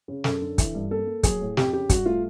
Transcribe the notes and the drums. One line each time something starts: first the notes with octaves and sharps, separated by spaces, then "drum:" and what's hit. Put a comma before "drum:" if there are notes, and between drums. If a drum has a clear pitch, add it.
C#3
F#2 A4, drum: snare
D3
E3, drum: kick, hi-hat
G2
A#3 A4
A#3
F#3 G#4, drum: kick, hi-hat
A2
F2 G4, drum: snare
C#3 G4
G2 F#4, drum: kick, hi-hat
A3 F4